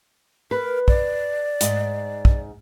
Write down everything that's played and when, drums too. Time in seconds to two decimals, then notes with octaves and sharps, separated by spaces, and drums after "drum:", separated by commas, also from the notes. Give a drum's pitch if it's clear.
0.51 A#4 B4
0.88 D5, drum: kick
1.61 G#2, drum: hi-hat
2.25 drum: kick